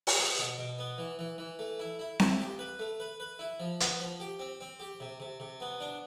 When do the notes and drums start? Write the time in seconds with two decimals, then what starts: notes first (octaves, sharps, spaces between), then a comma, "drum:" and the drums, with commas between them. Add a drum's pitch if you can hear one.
0.07 drum: open hi-hat
0.18 B3
0.39 B2
0.58 B2
0.79 B3
0.98 E3
1.19 E3
1.38 E3
1.59 A3
1.79 E4
1.99 E4
2.20 E4, drum: snare C4
2.39 G4
2.59 B4
2.79 A3
3.00 B4
3.20 B4
3.39 E4
3.60 F3
3.80 B3, drum: hi-hat
4.00 F3
4.20 G4
4.39 C4
4.61 C4
4.80 G4
5.00 C3
5.20 C3
5.40 C3
5.60 B3
5.80 D4